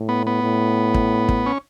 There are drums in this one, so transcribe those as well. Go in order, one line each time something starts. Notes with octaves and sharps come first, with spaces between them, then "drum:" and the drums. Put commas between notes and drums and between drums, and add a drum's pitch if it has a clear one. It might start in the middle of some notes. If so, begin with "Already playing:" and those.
Already playing: A2
B3
B3
A2
drum: kick
drum: kick
C#4